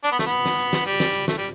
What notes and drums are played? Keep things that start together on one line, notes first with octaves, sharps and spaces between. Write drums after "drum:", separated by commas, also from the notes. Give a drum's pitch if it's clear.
D4, drum: hi-hat
B3
A3, drum: snare
B3
drum: snare
drum: hi-hat
drum: snare
G3, drum: hi-hat
drum: snare
drum: hi-hat
A3, drum: snare
G3